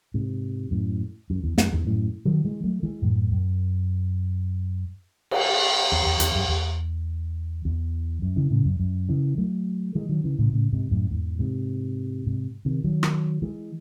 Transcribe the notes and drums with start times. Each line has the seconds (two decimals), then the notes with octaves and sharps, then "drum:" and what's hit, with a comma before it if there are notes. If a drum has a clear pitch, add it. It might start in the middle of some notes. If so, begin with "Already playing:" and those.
0.14 G#2 C3
0.71 F#2 A2
1.30 F#2
1.44 E2
1.58 F#2, drum: snare
1.72 E2 G#2
1.87 F#2 A2
2.25 D#3 F#3
2.45 E3 G#3
2.64 F#3 A3
2.83 E3 G#3
3.02 F#2 A2
3.32 F#2
5.31 drum: cymbal
5.92 E2
6.06 E2
6.20 E2, drum: hi-hat
6.35 F#2
6.48 E2
7.65 E2
8.22 F#2
8.36 C#3 E3
8.51 A2 C#3
8.65 F#2
8.80 F#2
9.09 C#3 E3
9.38 F#3 A3
9.95 E3 G#3
10.09 D#3 F#3
10.24 C#3 E3
10.39 A2 C#3
10.53 A2 C#3
10.73 G#2 C3
10.91 F#2 A2
11.11 E2 G#2
11.39 G#2 C3
12.27 G#2 C3
12.65 C3 D#3
12.84 D#3 F#3
13.03 drum: rim click
13.42 E3 G#3